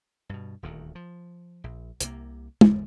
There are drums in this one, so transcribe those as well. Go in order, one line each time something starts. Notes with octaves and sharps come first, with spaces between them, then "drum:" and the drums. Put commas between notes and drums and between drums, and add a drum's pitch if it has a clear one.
G2 B2
D#1 D2 D#3
F3
A#1
C2 C3 A#3, drum: hi-hat
F#1 E2 G#2 D3, drum: tom